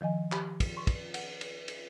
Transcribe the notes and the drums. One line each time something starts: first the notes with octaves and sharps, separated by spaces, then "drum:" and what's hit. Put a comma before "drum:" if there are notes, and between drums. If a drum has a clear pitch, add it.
D#3 F3 D#5 G#5
G4 B5, drum: clap
drum: kick, cymbal
C6 C#6
drum: kick, cymbal
F#5, drum: cymbal
drum: cymbal
drum: cymbal